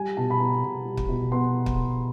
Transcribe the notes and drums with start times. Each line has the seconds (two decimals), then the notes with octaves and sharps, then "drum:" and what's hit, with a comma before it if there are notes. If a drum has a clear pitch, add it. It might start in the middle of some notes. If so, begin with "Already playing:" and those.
Already playing: G3 G#5
0.17 B2 A5
0.30 B5
0.40 B3 A#5
0.63 B2
0.85 G3
0.97 drum: kick
1.09 B2
1.32 B3 C6
1.66 drum: kick